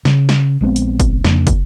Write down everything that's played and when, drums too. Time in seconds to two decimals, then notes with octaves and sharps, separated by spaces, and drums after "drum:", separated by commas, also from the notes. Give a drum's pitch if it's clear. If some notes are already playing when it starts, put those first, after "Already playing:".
0.05 C#3, drum: snare
0.29 drum: snare
0.61 A#1 G#3 B3 C4
0.76 drum: hi-hat
1.00 drum: kick, hi-hat
1.24 F2 C#3 A#3 D4, drum: snare
1.47 drum: kick, hi-hat